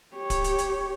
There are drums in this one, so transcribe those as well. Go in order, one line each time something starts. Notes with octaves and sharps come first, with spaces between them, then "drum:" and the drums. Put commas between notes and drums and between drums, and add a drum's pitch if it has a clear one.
G4 C#5
drum: kick D1, hi-hat
drum: hi-hat
drum: hi-hat